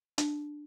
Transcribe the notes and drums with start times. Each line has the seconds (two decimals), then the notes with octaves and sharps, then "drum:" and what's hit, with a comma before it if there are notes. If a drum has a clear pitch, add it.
0.18 D4, drum: hi-hat